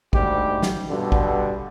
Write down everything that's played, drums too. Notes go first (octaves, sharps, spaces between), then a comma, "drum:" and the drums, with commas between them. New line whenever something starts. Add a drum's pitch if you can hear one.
D2 G#2 G3 G4, drum: kick
drum: snare
G2 B2 D3
drum: kick